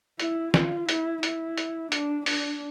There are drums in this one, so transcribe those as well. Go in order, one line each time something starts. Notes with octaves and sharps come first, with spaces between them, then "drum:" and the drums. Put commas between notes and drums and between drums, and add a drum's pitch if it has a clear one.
E4, drum: hi-hat
F4, drum: snare
E4, drum: hi-hat
E4, drum: hi-hat
drum: hi-hat
D4, drum: hi-hat
D4, drum: open hi-hat